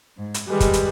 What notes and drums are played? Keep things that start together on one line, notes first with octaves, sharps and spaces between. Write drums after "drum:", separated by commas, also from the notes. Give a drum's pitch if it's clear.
G#2
drum: hi-hat
D#3 G3 G#3 B4
drum: kick, hi-hat
drum: hi-hat